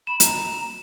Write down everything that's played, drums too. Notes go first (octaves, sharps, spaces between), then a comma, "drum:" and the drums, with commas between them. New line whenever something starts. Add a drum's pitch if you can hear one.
B5 E7
A#5, drum: hi-hat